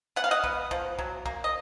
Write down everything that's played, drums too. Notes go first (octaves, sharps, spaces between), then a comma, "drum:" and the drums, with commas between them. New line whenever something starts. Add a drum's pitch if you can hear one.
B3 F#5
F5
D#5 F#5
B3, drum: kick
F3, drum: kick
F#3, drum: kick
A#3, drum: kick
D#5